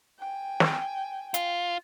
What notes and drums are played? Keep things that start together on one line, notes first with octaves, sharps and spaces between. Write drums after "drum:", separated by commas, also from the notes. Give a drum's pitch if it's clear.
G5 G#5
drum: snare
F4, drum: hi-hat